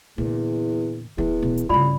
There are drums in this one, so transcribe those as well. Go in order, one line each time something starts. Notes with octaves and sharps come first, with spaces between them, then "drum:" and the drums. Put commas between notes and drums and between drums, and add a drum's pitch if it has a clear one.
E2 A#2 D3
E2 E3, drum: kick D1
B2
drum: hi-hat
A1 G2 C#3 F4 D5 B5